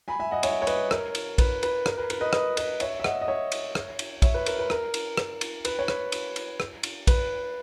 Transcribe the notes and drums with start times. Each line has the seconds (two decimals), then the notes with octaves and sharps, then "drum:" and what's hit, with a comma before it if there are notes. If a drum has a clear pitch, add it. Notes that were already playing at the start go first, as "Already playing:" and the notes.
0.08 G#5 B5
0.20 E5 G#5
0.31 D#5 F#5
0.43 C#5 E5, drum: cymbal
0.62 C#5
0.67 B4 D#5, drum: cymbal
0.91 A#4 C#5, drum: rim click
1.15 drum: cymbal
1.38 B4, drum: kick, cymbal
1.63 B4, drum: cymbal
1.86 A#4, drum: rim click
1.98 B4
2.10 B4, drum: cymbal
2.21 B4 D#5
2.33 B4 D#5, drum: rim click
2.57 B4 D#5, drum: cymbal
2.80 C#5 E5, drum: cymbal
3.00 E5
3.04 D#5 F#5, drum: rim click
3.22 D#5
3.28 C#5 E5
3.52 drum: cymbal
3.75 drum: rim click
3.99 drum: cymbal
4.22 C#5 E5, drum: kick, cymbal
4.34 B4
4.46 A#4, drum: cymbal
4.59 B4
4.70 A#4, drum: rim click
4.94 drum: cymbal
5.17 drum: rim click
5.41 drum: cymbal
5.65 B4, drum: cymbal
5.79 C#5
5.88 B4, drum: rim click
6.12 drum: cymbal
6.36 drum: cymbal
6.60 drum: rim click
6.83 drum: cymbal
7.07 B4, drum: kick, cymbal